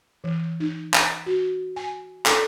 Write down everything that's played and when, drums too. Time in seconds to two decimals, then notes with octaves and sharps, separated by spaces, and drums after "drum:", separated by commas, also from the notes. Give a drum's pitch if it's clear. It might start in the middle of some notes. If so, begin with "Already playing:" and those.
0.24 E3
0.60 D#4
0.94 drum: clap
1.26 F#4
1.76 G#5
2.26 A4, drum: clap